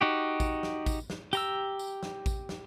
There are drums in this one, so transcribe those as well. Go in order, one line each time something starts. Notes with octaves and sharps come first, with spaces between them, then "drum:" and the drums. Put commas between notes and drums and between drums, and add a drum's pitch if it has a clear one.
D#4 F#4 G4
drum: kick A1, tambourine
drum: snare
drum: kick A1, tambourine
drum: snare
G4 A#5 E6, drum: tambourine
drum: tambourine
drum: snare
drum: kick A1, tambourine
drum: snare